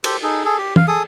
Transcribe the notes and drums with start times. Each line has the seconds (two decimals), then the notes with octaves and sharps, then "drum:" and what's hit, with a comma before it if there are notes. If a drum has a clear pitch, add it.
0.04 G4 A4 C5, drum: cymbal
0.23 D#4 G#4 A4
0.45 G#4 A4
0.58 G4
0.76 F5, drum: tom
0.88 G#4 A4 D#6